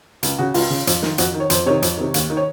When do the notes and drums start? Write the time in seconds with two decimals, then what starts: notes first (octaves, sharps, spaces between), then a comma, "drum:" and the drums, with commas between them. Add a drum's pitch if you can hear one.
0.23 C#2, drum: hi-hat
0.38 C#3 F#4
0.54 C#2 F4, drum: open hi-hat
0.70 C#3
0.87 F2, drum: hi-hat
1.03 D#3, drum: snare
1.18 F2 F#4, drum: hi-hat
1.34 D#3
1.40 C#5
1.50 F2 C5, drum: hi-hat
1.66 C3 D#3 C#5
1.82 F2, drum: hi-hat
1.98 C3 D#3
2.14 D#2, drum: hi-hat
2.30 D#3
2.37 C#5